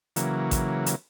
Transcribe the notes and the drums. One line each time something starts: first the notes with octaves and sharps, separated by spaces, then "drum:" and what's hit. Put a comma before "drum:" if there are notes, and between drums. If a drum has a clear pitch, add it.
C#3 E3 F#3 A#3, drum: hi-hat
drum: kick A1, hi-hat
drum: hi-hat